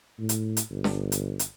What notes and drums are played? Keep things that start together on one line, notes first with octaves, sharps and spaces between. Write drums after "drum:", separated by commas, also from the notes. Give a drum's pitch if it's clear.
A2
drum: hi-hat
drum: hi-hat
G1
drum: snare
drum: hi-hat
drum: hi-hat